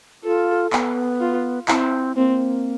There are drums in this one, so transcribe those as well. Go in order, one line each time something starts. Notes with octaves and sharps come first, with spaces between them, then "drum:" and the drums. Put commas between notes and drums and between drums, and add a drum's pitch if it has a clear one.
F4 A4
B3, drum: clap
F4
C4 E4, drum: clap
A#3 C4